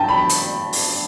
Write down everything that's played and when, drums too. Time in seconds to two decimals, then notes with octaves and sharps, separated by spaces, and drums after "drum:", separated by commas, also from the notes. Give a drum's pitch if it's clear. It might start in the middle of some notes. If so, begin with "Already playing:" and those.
Already playing: G2 D3 G5 A5
0.09 B5
0.30 drum: hi-hat
0.73 drum: open hi-hat